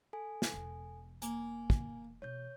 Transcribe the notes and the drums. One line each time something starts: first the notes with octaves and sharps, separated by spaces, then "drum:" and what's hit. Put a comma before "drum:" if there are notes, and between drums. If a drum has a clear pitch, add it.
A4 G#5
drum: snare
E1 E2
A#3 G#5, drum: hi-hat
drum: kick
B2 E3 C#5 G6